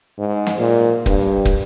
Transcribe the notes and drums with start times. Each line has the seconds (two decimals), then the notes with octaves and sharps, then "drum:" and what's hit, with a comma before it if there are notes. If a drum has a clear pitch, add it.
0.18 G#2
0.47 drum: snare
0.58 A#2
1.06 G2, drum: kick
1.45 drum: kick